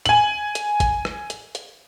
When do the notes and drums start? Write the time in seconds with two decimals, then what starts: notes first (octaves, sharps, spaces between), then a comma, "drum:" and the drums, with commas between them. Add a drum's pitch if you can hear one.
0.06 G#5 F#7, drum: hi-hat
0.55 drum: hi-hat
0.80 drum: kick, hi-hat
1.05 drum: rim click
1.30 drum: hi-hat
1.55 drum: hi-hat